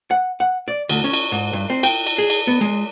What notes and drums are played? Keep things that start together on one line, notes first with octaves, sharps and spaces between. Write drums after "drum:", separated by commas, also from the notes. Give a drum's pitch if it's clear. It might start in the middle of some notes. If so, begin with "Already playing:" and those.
F#5
F#5
D5
D2, drum: cymbal
C#4
drum: cymbal
G#2
G2
C4
G5, drum: cymbal
drum: cymbal
G#4
drum: cymbal
B3
G#3